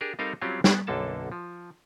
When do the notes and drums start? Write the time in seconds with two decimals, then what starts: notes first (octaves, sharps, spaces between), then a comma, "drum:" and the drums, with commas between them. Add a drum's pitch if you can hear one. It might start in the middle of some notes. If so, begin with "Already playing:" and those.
0.01 D4 G4 G#4 A#4
0.19 G3 C4 D#4 A4 A#4 F5
0.41 F#3 G3 C4 C#4 F4 G4
0.64 B3 D4, drum: snare
0.87 B1 F#2 D3 A#3 A4 A5
1.32 F3